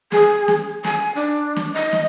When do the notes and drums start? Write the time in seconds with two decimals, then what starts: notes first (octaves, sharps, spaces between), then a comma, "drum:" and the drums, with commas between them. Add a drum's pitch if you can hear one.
0.12 G#4, drum: snare
0.48 drum: snare
0.84 G#5, drum: snare
1.15 D4
1.56 drum: snare
1.73 D#5
1.93 drum: snare